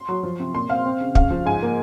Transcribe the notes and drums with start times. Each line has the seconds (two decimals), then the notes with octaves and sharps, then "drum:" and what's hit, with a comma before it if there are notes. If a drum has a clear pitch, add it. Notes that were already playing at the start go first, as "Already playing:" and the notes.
Already playing: C6
0.09 F#3
0.23 F3
0.40 C3
0.54 A#2 C6
0.70 C4 F5
0.86 C4
1.01 C#3
1.15 C#3 F5, drum: kick
1.30 F3
1.46 G#2 G#5
1.62 A#3